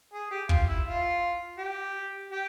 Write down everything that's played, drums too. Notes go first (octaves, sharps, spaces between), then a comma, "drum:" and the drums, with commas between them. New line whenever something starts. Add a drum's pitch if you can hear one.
G#4
G4
F4, drum: kick
E4
F4
G4
G4